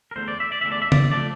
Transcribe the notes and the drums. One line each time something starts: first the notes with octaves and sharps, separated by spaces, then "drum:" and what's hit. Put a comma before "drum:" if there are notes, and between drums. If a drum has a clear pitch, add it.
A#4
E2 D3 A3 C5
D5
E5
D5
E2 D3 A3 E5
D5
E5
D5, drum: tom C#3
F3 A3 D5